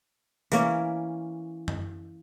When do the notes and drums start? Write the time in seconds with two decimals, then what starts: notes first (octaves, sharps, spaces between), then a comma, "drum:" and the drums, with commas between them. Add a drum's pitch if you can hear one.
0.52 E3 A#3 C#4, drum: tambourine
1.68 drum: tom F#2